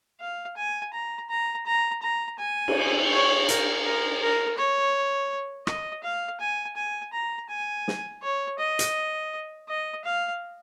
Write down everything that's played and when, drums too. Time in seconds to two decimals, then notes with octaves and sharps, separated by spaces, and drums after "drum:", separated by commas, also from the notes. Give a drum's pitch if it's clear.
0.20 F5
0.57 G#5
0.93 A#5
1.30 A#5
1.66 A#5
2.03 A#5
2.39 G#5
2.68 drum: cymbal
3.12 C#5
3.49 A#4, drum: hi-hat
3.85 A#4
4.21 A#4
4.58 C#5
5.67 D#5, drum: rim click
6.03 F5
6.40 G#5
6.76 G#5
7.13 A#5
7.50 G#5
7.88 drum: snare
8.23 C#5
8.59 D#5
8.79 drum: hi-hat
9.68 D#5
10.05 F5